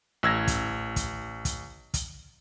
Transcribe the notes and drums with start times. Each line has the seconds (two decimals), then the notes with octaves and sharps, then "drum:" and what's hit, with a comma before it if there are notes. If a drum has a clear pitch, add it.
0.23 A1 E6 G#6 A#6
0.48 drum: kick, hi-hat
0.96 drum: kick, hi-hat
1.45 drum: kick, hi-hat
1.94 drum: kick, hi-hat